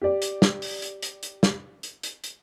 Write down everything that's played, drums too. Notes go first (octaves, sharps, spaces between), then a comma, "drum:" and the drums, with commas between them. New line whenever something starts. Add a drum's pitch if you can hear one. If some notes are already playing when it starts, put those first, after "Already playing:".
G4 D5
drum: hi-hat
drum: snare
drum: open hi-hat
drum: hi-hat
drum: hi-hat
drum: hi-hat
drum: snare
drum: hi-hat
drum: hi-hat
drum: hi-hat